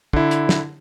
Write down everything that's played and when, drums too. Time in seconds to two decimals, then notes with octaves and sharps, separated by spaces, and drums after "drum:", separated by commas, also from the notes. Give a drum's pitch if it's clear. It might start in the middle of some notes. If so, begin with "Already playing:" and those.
0.13 D3 E4, drum: kick
0.31 drum: hi-hat
0.49 drum: snare